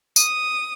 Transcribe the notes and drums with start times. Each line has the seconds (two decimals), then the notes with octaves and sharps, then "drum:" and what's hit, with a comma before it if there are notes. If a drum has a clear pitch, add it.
0.16 D#6, drum: tambourine